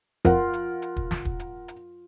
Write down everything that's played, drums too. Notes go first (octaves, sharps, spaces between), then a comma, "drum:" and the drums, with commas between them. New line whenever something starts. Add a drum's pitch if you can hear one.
F2 F4 A#4 F#5, drum: kick, hi-hat
drum: hi-hat
drum: hi-hat
drum: kick
drum: snare
drum: kick
drum: hi-hat
drum: hi-hat